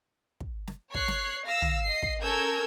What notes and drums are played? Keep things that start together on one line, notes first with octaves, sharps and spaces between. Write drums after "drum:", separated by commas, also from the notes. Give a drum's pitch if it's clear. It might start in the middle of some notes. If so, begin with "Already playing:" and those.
drum: kick
drum: snare
C#5 F#6 C7, drum: kick
drum: snare
F5 E6 A#6
drum: tom
D#5 C7
drum: kick
C#4 A4 A#4 E6 G6 G#6